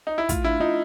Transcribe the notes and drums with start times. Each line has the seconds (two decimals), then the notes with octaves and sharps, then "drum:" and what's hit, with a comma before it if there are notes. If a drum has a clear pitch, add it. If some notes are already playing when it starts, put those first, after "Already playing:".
0.07 D#4
0.18 E4
0.29 A3 F4, drum: kick, hi-hat
0.44 D4 E4
0.60 D#4 F4